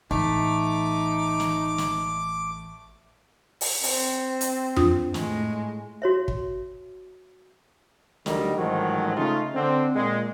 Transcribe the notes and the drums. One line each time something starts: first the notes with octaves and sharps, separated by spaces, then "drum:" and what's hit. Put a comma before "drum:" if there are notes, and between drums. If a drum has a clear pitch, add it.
A1 A3 D#4 D6
drum: snare
drum: snare
drum: open hi-hat
C4, drum: open hi-hat
drum: hi-hat
D4 F4 D#6, drum: tom F2
A2 G#3, drum: snare
F#4 C#5 E5
drum: kick
D2 F#3 G3 D#4 A#4, drum: snare
A1 G#2 D#3 F3 F#3
C#3 A3 D#4 F4
D3 C4
A#2 G#3